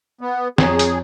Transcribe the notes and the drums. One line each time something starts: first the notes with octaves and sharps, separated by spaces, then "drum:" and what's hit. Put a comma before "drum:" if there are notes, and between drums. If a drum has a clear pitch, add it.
B3
F2 G#4 C#5 A#5, drum: snare
drum: hi-hat